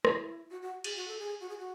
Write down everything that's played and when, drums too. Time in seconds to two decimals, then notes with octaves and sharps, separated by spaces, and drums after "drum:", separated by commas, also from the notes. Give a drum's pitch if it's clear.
0.05 E4, drum: rim click
0.51 F#4
0.62 F#4
0.84 G#4, drum: cymbal
0.96 F#4
1.08 A4
1.19 G#4
1.41 F#4
1.50 G#4
1.58 F#4